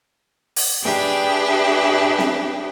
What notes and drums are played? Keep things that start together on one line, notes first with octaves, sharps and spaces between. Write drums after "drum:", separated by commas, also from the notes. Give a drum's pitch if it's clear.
drum: open hi-hat
D4 G4 G#4 B4 E5 G5
drum: snare C4